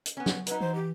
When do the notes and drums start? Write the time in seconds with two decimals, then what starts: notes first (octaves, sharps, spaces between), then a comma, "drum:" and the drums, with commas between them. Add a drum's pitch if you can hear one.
0.06 drum: hi-hat
0.17 B3 C#4
0.26 drum: snare
0.47 F#3 D#4 B4, drum: hi-hat
0.61 E3 C5
0.75 G4